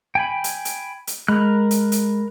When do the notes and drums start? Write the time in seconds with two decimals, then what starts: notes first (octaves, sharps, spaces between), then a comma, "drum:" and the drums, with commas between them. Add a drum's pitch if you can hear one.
0.15 G5 G#5 B5
0.44 drum: hi-hat
0.65 drum: hi-hat
1.07 drum: hi-hat
1.28 G#3 A#4 B5 F#6
1.71 drum: hi-hat
1.92 drum: hi-hat